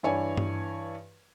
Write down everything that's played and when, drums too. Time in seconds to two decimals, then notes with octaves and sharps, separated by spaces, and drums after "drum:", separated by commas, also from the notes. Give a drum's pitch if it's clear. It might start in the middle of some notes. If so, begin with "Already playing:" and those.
0.03 G2 E3 E4 C#5 D5 G#5
0.37 drum: tom G2